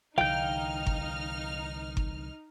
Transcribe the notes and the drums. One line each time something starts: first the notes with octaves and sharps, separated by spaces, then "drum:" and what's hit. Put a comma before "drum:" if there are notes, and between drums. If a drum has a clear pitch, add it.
C2 D3 E3 D#4 F5 G5 F6 G6
drum: kick G1
drum: kick G1